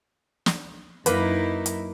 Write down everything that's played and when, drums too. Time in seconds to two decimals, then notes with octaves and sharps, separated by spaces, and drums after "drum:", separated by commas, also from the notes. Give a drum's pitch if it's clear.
0.46 drum: snare
1.06 F#2 A#3 D#4 E4 B4, drum: hi-hat
1.66 drum: hi-hat